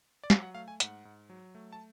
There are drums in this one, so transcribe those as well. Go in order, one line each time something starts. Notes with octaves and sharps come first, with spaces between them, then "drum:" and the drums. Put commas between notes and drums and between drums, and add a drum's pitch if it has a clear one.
D5
F#3 F5, drum: snare
F#5
A3 F5
G#5
G#2 F#5, drum: hi-hat
G#2
F#3
A3
A5